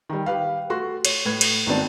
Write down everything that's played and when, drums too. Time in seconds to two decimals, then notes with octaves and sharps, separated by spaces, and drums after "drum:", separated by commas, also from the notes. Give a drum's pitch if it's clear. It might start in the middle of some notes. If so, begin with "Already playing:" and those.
0.09 D#3 G3
0.26 G4 B4 F5
0.70 A3 F#4 C6
1.05 C#5, drum: cymbal
1.25 A2 B4 G#6
1.41 drum: cymbal
1.66 G#1 D#3 B3 C4 D4 A5